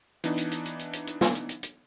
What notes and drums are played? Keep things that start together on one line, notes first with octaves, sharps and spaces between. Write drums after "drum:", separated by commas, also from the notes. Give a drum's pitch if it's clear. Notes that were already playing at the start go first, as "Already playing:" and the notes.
E3 B3 D4 D#4, drum: hi-hat
drum: hi-hat
drum: hi-hat
drum: hi-hat
drum: hi-hat
drum: hi-hat
drum: hi-hat
drum: snare
drum: hi-hat
drum: hi-hat
drum: hi-hat